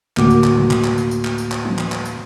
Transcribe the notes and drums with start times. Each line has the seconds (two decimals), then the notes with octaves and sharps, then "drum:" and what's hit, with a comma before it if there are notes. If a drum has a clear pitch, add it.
0.17 D2 A2 A#3 F#4 D6, drum: clap
0.30 drum: tambourine
0.44 drum: clap
0.57 drum: tom B2
0.71 drum: clap
0.84 drum: clap
0.98 drum: tambourine
1.11 drum: tambourine
1.25 drum: clap
1.38 drum: tambourine
1.52 drum: clap
1.65 drum: tom E3
1.78 drum: clap
1.92 drum: clap
2.05 drum: tambourine